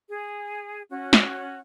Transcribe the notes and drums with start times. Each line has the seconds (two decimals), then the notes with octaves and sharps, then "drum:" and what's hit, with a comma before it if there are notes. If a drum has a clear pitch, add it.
0.09 G#4
0.90 C#4 F#4
1.13 drum: snare